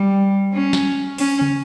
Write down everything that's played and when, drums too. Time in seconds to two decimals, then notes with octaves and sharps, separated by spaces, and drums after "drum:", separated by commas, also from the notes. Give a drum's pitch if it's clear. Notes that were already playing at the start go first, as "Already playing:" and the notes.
Already playing: G3
0.53 C#4
0.73 drum: snare
1.18 C#4, drum: open hi-hat
1.41 drum: tom